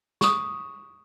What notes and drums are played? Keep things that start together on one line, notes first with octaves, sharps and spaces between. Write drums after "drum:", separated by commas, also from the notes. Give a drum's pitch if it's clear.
C#6 D#6, drum: snare